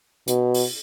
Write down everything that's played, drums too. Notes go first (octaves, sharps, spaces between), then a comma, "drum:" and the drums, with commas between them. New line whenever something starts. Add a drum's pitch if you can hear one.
B2, drum: hi-hat
drum: open hi-hat